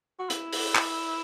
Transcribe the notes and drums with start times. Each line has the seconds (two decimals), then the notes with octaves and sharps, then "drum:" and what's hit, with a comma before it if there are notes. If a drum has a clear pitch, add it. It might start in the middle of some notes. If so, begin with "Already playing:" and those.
0.19 F#4
0.30 E4, drum: hi-hat
0.52 drum: open hi-hat
0.75 drum: clap